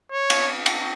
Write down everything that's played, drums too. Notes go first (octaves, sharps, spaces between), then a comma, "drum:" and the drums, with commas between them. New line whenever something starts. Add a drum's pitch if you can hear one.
C#5
drum: cymbal
drum: cymbal